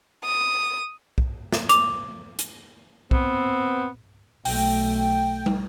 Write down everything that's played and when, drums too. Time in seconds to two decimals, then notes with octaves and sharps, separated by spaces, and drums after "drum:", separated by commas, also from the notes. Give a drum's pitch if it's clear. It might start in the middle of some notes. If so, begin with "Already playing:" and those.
0.25 D#6
1.18 drum: kick
1.53 drum: snare
1.69 D6 F7, drum: hi-hat
2.39 drum: hi-hat
3.11 B3 C4, drum: kick
4.45 B1 A3 G5, drum: open hi-hat
5.46 drum: tom